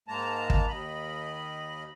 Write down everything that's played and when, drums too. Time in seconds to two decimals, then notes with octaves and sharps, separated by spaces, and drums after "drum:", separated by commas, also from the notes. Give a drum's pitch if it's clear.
0.08 G#2 G#3 A#3 A5 A#5
0.50 drum: kick
0.67 D#2 D#5 B5